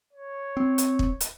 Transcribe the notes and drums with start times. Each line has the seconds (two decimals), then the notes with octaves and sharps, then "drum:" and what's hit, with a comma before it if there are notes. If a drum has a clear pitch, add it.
0.13 C#5
0.57 C4
0.78 drum: hi-hat
0.99 drum: kick
1.20 drum: hi-hat